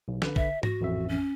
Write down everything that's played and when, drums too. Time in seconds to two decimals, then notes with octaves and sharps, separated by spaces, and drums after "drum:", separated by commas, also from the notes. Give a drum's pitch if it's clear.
0.08 B1
0.22 D3 B4, drum: snare
0.36 E5, drum: kick
0.63 F#4 A#6, drum: tom G#2
0.81 A1 F2 E5
1.09 C#4